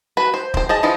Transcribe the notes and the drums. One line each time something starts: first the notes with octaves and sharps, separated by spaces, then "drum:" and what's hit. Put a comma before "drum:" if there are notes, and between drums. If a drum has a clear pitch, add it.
F#4 B4
C5
C4 C5, drum: kick
G#4 D#5 A5
E3 F3 D#4 F4